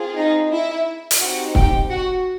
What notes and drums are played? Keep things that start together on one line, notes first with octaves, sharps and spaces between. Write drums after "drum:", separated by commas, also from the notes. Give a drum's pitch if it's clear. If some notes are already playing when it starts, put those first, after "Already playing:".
Already playing: C4 F4 G#4
D#4 D#5
E4 E5
drum: hi-hat
C4 D#4 F#4 G4 F#5
G4 G5, drum: kick
F#4 F#5